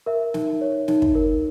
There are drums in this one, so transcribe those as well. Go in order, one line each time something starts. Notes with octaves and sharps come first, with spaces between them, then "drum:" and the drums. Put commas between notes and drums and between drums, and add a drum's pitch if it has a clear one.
A#4 E5
D#4, drum: snare
C#5
D#4, drum: snare
drum: kick
A#4